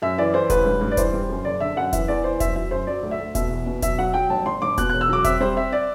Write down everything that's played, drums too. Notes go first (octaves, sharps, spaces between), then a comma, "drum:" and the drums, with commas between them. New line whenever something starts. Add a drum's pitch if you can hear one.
F#2 E5
E3 D5
E3 C5
A1 B4, drum: kick E1, hi-hat
G2
G2
D5
E3 C5, drum: kick E1, hi-hat
G3
F#2
F#1 D5
D3 E5
F#2 F#5
E3 E5, drum: kick E1, hi-hat
E2 D5
E3 C5
F#2 E5, drum: kick E1, hi-hat
F#3 E5
F#2 C5
F#3 D5
D2
E5
D2
B2 E5, drum: kick E1, hi-hat
E2
B2
F#3 E5, drum: kick E1, hi-hat
F#3 F#5
F#3 G5
G1 A5
G1 C6
G1 D6
B2 F#6, drum: kick E1, hi-hat
E1 F#6
E6
F#3 D6
C4 E5, drum: kick E1, hi-hat
G3 C5
C4 E5
D5